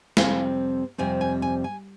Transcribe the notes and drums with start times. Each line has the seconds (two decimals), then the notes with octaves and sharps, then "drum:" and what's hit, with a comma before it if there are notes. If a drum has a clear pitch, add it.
0.17 F2 C3 G3 C4 F5 G#5, drum: snare
0.98 F2 C3 G3 C4 G#5
1.21 G#5
1.42 G#5
1.64 G#5